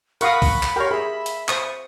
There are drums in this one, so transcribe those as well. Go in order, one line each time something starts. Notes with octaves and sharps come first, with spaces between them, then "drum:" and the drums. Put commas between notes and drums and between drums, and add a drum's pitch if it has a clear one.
A#4 F5 F#5 B5 C#6 D#6 C#7, drum: hi-hat
drum: kick C2, open hi-hat
drum: clap
G4 A#4 C#5 C6
G#4 E5 B5
drum: hi-hat
C5 C#6 D#6, drum: clap